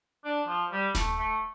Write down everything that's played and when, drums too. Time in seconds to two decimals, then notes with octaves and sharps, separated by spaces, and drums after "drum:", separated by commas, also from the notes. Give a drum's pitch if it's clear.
0.25 D4
0.48 F3
0.72 G3
0.95 A3, drum: snare D#1
1.18 A3